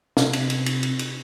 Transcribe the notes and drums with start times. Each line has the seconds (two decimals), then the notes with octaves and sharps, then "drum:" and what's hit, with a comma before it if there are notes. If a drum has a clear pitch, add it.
0.17 C3, drum: snare
0.33 drum: cymbal
0.50 drum: cymbal
0.66 drum: cymbal
0.83 drum: cymbal
0.99 drum: cymbal